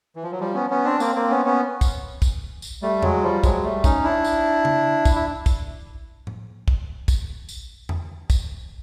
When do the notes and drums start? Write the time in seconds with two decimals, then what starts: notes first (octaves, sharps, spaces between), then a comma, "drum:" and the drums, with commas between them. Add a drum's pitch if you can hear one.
0.16 E3
0.23 F3
0.32 F#3
0.40 F3 G3
0.55 B3 C#4
0.70 B3 C#4
0.85 C4 D4
1.00 A#3 C4, drum: tambourine
1.15 A#3 C4
1.30 B3 C#4
1.45 B3 C#4
1.81 drum: kick, tambourine
2.22 drum: kick, tambourine
2.62 drum: tambourine
2.82 G3 A3
3.03 F#3 G#3, drum: tom E2
3.23 F3 G3
3.44 F#3 G#3, drum: kick, tambourine
3.63 G3 A3
3.84 C#4 D#4, drum: kick, tambourine
4.04 D4 E4
4.24 drum: tambourine
4.65 drum: tom C#3
5.05 drum: kick, tambourine
5.16 E4
5.46 drum: kick, tambourine
6.27 drum: tom A2
6.68 drum: kick
7.08 drum: kick, tambourine
7.49 drum: tambourine
7.89 drum: tom E2
8.30 drum: kick, tambourine